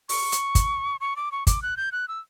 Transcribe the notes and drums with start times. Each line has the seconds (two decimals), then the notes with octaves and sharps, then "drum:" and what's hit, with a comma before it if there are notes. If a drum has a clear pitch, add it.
0.09 C#6, drum: open hi-hat
0.32 drum: hi-hat
0.55 drum: kick, hi-hat
1.01 C#6
1.16 D6
1.32 C#6
1.47 D6, drum: kick, hi-hat
1.62 F#6
1.77 G6
1.92 F#6
2.08 E6